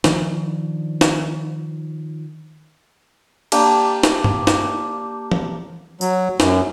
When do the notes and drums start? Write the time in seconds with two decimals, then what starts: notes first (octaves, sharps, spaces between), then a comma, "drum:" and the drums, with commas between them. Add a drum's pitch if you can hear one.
0.04 D#3 F3 D4, drum: snare
1.01 drum: snare
3.52 A#3 D4 G4, drum: cymbal
4.03 drum: snare
4.24 drum: tom G2
4.47 drum: snare
5.32 drum: tom E3
6.01 F#3, drum: tambourine
6.40 F#2, drum: snare